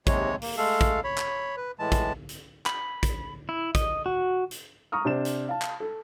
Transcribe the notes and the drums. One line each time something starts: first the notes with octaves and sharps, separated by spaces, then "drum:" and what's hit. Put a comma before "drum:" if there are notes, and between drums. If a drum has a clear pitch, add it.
D#2 C3 G#3 C#5, drum: kick, hi-hat
A#3, drum: open hi-hat
G#3 A3 A4 F5
drum: kick, hi-hat
C#5 B5
drum: clap
B4
A2 E3 G#3 A5
drum: kick, hi-hat
drum: hi-hat
B5, drum: clap
drum: kick, hi-hat
E4
D#5, drum: kick, hi-hat
F#4
drum: hi-hat
A#5 C#6 D#6 F6
C3 D4 C5 E7
drum: hi-hat
F5 A5
drum: clap
A4